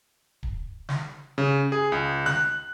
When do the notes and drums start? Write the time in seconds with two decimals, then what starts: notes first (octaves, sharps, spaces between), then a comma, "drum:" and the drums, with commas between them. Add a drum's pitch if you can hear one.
0.43 drum: kick D1
0.89 drum: snare
1.38 C#3
1.72 G#4
1.92 C#2
2.26 F#6, drum: snare